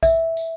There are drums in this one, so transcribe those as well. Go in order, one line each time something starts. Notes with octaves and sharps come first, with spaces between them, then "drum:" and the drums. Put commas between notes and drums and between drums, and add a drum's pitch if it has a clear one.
E5, drum: kick, tambourine
drum: tambourine